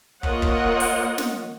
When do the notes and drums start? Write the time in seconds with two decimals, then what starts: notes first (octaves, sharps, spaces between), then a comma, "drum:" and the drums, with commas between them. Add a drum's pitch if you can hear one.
0.23 A#3 F4 A#4 C#5 D#5 F#5, drum: kick
0.42 drum: kick
0.80 drum: open hi-hat
1.18 drum: snare